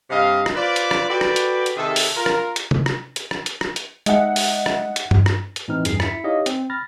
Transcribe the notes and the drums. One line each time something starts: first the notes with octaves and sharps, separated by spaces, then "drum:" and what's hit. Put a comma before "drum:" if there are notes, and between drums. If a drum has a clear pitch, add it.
G2 C3 D#5 F5
drum: rim click
F4 B4 C5 D5
drum: hi-hat
drum: rim click
F#4 A4 B4 D5 G5
drum: rim click
drum: hi-hat
drum: hi-hat
C3 D#3 G#4 A4 E5
drum: open hi-hat
F4 A#4
drum: rim click
drum: hi-hat
drum: tom C3
drum: rim click
drum: hi-hat
drum: rim click
drum: hi-hat
drum: rim click
drum: hi-hat
G#3 D#4 E5 F#5, drum: hi-hat
drum: open hi-hat
drum: rim click
drum: hi-hat
drum: tom G2
drum: rim click
drum: hi-hat
A2 E3 C4 D#4 F6
E2 G2 G#4 C7, drum: hi-hat
E4 B6 C#7, drum: rim click
D#4 G4 C#5 D#5 F5
C4, drum: hi-hat
B5 F6 A6 A#6